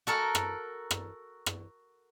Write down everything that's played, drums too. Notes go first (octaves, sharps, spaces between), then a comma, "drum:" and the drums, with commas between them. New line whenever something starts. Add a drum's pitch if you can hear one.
F#4 A4 A#4
drum: rim click
drum: rim click
drum: rim click